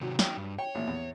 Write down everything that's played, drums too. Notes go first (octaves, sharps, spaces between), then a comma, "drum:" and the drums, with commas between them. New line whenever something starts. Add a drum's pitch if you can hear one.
C3 D#3 F#3
D#4 G5, drum: snare
G2
C#5 G5
A1 A#2
E2